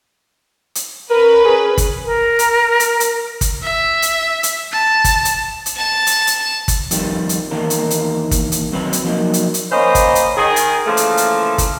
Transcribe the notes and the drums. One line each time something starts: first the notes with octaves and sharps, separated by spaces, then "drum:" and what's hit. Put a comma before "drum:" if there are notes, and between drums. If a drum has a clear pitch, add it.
drum: hi-hat
C#4 A#4 B4
G#4
drum: kick, hi-hat
A#4
drum: hi-hat
drum: hi-hat
drum: hi-hat
drum: kick, hi-hat
E5
drum: hi-hat
drum: hi-hat
A5
drum: kick, hi-hat
drum: hi-hat
drum: hi-hat
A5
drum: hi-hat
drum: hi-hat
drum: kick, hi-hat
F2 D#3 G3, drum: hi-hat
drum: hi-hat
E2 D#3 A#3 D4 A#4
drum: hi-hat
drum: hi-hat
drum: kick, hi-hat
drum: hi-hat
D#3 F#3 C4 B4 C#5 B5
drum: hi-hat
F3 F#3 A#3 D#4
drum: hi-hat
drum: hi-hat
D#3 A#3 C#4 C5 D#5 B5
drum: kick, hi-hat
drum: hi-hat
D#3 G#4
drum: hi-hat
C#3 E3 F3 A3 A#3
drum: hi-hat
drum: hi-hat
drum: kick, hi-hat